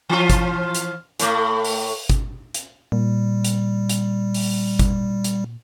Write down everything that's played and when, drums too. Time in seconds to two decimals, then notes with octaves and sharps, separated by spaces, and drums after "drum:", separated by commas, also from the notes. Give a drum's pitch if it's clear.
0.09 E3 F3 F4
0.30 drum: kick G1, hi-hat
0.75 drum: hi-hat
1.20 A2 A3, drum: hi-hat
1.65 drum: open hi-hat
2.10 drum: kick G1, hi-hat
2.54 drum: hi-hat
2.92 A#2 G3
3.44 drum: hi-hat
3.89 drum: hi-hat
4.34 drum: open hi-hat
4.79 drum: kick G1, hi-hat
5.24 drum: hi-hat